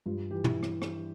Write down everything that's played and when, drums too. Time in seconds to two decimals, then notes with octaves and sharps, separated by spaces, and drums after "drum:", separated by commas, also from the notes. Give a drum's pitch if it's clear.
0.06 G2 F4
0.31 E3 G4
0.44 E4, drum: tom
0.63 drum: rim click
0.82 drum: rim click